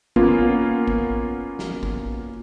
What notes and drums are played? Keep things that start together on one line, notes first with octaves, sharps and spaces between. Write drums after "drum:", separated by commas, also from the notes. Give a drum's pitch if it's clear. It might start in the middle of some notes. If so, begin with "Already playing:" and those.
A#3 B3 C#4 F4 B4, drum: kick G#1
drum: kick G#1
drum: snare
drum: kick G#1